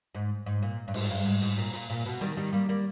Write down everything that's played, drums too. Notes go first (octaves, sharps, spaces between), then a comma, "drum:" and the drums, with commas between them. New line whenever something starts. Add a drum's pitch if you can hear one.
G#2
G#2
A#2
G2
G#2, drum: cymbal
G2
G#2
G#2, drum: hi-hat
A#2
A#2
A#2
B2
D#3 G3
D#3 G3
G3 A#3
G3 A#3